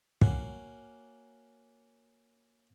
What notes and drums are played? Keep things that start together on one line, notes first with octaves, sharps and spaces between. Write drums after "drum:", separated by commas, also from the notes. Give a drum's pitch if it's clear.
A#3 C#4 F#4, drum: kick